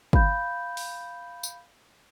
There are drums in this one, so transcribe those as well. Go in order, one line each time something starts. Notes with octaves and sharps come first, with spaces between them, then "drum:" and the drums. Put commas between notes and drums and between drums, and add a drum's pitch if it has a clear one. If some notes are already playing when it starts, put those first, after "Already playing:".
F5 B5 G6, drum: kick
drum: open hi-hat
drum: tambourine